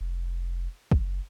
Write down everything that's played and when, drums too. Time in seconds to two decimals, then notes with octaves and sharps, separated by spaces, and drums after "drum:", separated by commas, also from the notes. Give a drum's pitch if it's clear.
0.01 F1
0.92 F#1, drum: kick